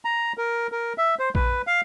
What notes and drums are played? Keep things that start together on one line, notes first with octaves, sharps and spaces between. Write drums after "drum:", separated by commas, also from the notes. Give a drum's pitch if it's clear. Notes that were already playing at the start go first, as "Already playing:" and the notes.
A#5
A#4
A#4
E5
C5
B4, drum: kick A#1
F5